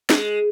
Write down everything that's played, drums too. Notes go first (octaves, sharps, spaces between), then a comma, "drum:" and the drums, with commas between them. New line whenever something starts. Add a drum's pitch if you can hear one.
G#3, drum: snare